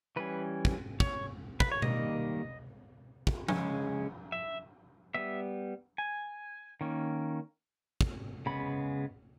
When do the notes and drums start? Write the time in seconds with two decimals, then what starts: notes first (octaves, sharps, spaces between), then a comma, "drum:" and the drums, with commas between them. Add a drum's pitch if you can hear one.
0.16 E3 G3 C#4 B4
0.65 drum: kick
1.00 C#5, drum: kick
1.60 B4, drum: kick
1.72 C#5
1.82 D#3 G3 A#3 D#5, drum: tom B2
3.27 drum: kick
3.48 C#3 G#3 C#4, drum: tom F3
4.32 E5
5.14 G3 B3 E5
5.98 G#5
6.81 D#3 A#3 C#4
8.01 drum: kick
8.46 C#3 G#3 B3 B5